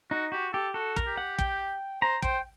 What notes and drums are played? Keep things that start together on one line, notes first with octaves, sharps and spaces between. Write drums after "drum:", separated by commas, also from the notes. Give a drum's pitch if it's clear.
D#4 F#4
F#4 G4
G4 A4
F#4 A4
A#4, drum: kick
G4
F#5
G5, drum: kick
C5 A#5
C5 G5, drum: kick